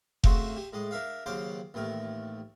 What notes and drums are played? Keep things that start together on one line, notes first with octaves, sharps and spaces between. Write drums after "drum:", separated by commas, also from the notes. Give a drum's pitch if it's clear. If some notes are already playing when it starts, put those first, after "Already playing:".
C#3 A3 C4 F#4 C5, drum: kick F1
G4
A2 G#3 D#5
D4 A#4 E5 F5
D#2 C#3 F#3 C5 F5 D6
A1 D#2 A3 A#4